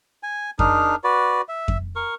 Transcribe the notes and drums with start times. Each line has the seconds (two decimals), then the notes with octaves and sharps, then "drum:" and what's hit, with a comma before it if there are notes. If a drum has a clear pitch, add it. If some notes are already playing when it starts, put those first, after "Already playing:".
0.23 G#5
0.59 D4 D#4 G#4 A#4, drum: kick F2
1.04 F#4 B4 D5
1.49 E5
1.68 drum: kick F2
1.96 A#4 C#6